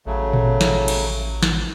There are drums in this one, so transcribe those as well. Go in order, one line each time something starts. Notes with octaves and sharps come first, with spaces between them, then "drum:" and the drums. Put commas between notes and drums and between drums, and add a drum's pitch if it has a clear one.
A1 C#3 F#3 A3
drum: tom A#2
drum: snare
drum: cymbal
drum: snare